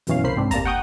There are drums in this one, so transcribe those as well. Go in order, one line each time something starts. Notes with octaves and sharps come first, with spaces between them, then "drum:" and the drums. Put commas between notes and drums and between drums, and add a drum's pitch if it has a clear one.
G#1 F#2 B2 E3 C#4 F5, drum: hi-hat
C2 A#3 C5 B5 C7
G#2 C4 D4
G3 A#3 A5 A#5, drum: kick, hi-hat
F#5 G5 C#6 D#6 G6